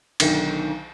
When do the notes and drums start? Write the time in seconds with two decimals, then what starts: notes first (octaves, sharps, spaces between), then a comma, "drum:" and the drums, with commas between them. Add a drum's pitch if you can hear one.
0.20 B1 D3 D#3, drum: cymbal